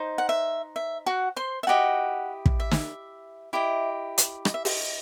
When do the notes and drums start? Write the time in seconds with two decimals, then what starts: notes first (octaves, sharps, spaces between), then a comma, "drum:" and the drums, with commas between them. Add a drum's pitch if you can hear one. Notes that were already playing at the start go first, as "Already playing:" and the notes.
Already playing: D#4 C5
0.18 F#5
0.29 E5
0.76 E5
1.06 F#4 F#5
1.36 C5 C6
1.63 E5
1.67 E4 F#4 G4 D#5 F#5
2.46 drum: kick
2.60 E5
2.71 drum: snare
3.53 E4 G4 D#5
4.18 drum: hi-hat
4.45 D#5, drum: rim click
4.54 E5
4.65 D#5, drum: open hi-hat